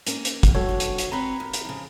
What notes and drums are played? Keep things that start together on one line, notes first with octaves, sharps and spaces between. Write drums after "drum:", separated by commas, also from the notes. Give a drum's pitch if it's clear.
A#3 C#4, drum: hi-hat
drum: hi-hat
drum: kick, hi-hat
G2 F#4 A4 C#5
G2 D3
drum: hi-hat
drum: hi-hat
C4 B4 C#5 A#5 B5
D#2
drum: hi-hat
F2 C#3